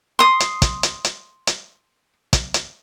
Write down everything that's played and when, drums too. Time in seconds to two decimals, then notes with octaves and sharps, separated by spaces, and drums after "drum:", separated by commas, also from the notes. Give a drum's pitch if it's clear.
0.19 C6 D#6
0.40 drum: hi-hat
0.62 drum: kick, hi-hat
0.83 drum: hi-hat
1.04 drum: hi-hat
1.47 drum: hi-hat
2.33 drum: kick, hi-hat
2.54 drum: hi-hat